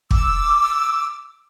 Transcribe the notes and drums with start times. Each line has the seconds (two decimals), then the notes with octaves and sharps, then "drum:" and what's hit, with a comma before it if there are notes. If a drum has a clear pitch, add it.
0.11 D6 E6, drum: kick